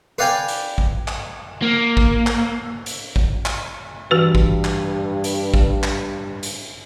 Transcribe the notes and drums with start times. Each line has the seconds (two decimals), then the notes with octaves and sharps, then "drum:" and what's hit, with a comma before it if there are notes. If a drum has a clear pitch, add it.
0.18 B4 D5 F5 G5 G#5
0.48 drum: hi-hat
0.78 drum: kick A1
1.08 drum: clap
1.62 A#3
1.97 drum: kick A1
2.27 drum: clap
2.86 drum: hi-hat
3.16 drum: kick A1
3.46 drum: clap
4.11 G2 E3 F#4 B4
4.35 drum: kick A1
4.64 drum: clap
5.24 drum: hi-hat
5.54 drum: kick A1
5.83 drum: clap
6.43 drum: hi-hat